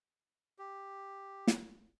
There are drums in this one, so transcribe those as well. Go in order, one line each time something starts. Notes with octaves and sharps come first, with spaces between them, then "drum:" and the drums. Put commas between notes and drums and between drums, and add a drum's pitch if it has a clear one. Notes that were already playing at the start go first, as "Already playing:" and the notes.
G4
drum: snare